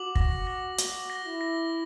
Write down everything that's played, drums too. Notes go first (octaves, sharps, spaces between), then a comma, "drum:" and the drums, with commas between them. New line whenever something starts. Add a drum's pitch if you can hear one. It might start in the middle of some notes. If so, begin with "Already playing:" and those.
Already playing: F#4 D6 F#7
A#6, drum: kick
A#6
F#4 G7, drum: hi-hat
A#6
E4
A#6